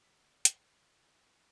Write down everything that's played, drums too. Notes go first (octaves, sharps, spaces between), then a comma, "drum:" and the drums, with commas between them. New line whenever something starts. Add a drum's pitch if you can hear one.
D2 B6
drum: hi-hat